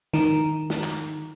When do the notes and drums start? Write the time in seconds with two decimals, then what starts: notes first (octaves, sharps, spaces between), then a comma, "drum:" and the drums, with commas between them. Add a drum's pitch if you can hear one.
0.14 D#3, drum: snare
0.70 drum: snare
0.84 drum: clap